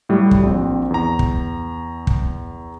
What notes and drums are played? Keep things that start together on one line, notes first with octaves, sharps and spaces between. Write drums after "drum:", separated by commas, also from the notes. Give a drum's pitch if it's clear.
A2 F#3 G3
drum: kick
A#1 C4
E2 A#5
drum: kick
drum: kick